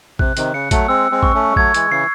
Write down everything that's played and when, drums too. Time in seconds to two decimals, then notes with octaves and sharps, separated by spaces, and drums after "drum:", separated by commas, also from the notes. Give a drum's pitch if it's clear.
0.19 C3 F#6, drum: kick
0.37 C3 D#3, drum: hi-hat
0.53 C#3 C#7
0.71 F#3 A3, drum: kick, hi-hat
0.88 G#3 C4 E6
1.11 G#3 C4
1.23 C#6, drum: kick
1.34 A3 C#4
1.52 G#3
1.56 F#3 A3 G#6, drum: kick
1.74 E3 G#3, drum: hi-hat
1.91 C#3 E3 C7